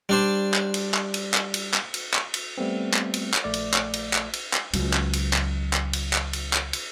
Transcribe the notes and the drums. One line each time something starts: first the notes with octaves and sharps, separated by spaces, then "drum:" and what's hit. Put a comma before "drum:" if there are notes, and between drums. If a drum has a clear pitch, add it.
G3 D4 C5
drum: clap
drum: cymbal
drum: clap
drum: cymbal
drum: clap
drum: cymbal
drum: clap
drum: cymbal
drum: clap
drum: cymbal
G3 A3 B3 C4
drum: clap
drum: cymbal
drum: clap
A#1 A3 D5
drum: cymbal
drum: clap
drum: cymbal
drum: clap
drum: cymbal
drum: clap
C#2 F#3, drum: cymbal
drum: clap
drum: cymbal
drum: clap
drum: clap
drum: cymbal
drum: clap
drum: cymbal
drum: clap
drum: cymbal